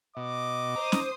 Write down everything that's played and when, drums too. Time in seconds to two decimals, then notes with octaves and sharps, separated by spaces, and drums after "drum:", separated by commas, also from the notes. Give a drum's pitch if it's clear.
0.17 B2 D#5 D6
0.76 C5 A#5 D#6
0.92 drum: snare C#4